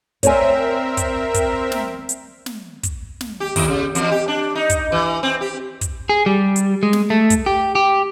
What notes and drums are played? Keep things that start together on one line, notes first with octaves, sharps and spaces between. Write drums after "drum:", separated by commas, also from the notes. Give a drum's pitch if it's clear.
C4 A#4 C#5 D5 E5 G#5, drum: kick, hi-hat
drum: kick, hi-hat
drum: kick, hi-hat
drum: snare
drum: hi-hat
drum: snare
drum: kick, hi-hat
drum: snare
G4
D#2, drum: kick, open hi-hat
C#3
E2, drum: hi-hat
G4
D4
D#4
drum: kick, hi-hat
E3
C4
G4
drum: kick, hi-hat
G#4
G3
drum: hi-hat
G#3
drum: snare
A3
drum: kick, hi-hat
G4
G4